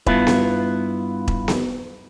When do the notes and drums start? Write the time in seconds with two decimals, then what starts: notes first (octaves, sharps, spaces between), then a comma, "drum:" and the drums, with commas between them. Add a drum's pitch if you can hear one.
0.06 G2 B3 E4 F4 B4, drum: kick E1
0.27 drum: snare B3
1.28 drum: kick E1
1.48 drum: snare B3